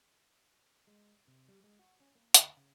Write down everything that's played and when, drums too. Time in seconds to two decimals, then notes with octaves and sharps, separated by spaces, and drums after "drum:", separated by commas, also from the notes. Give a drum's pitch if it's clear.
0.87 G#3
1.28 C3
1.48 G3
1.64 G#3
1.79 F#4
2.00 C#4
2.15 A#3
2.34 D2, drum: hi-hat
2.57 C#3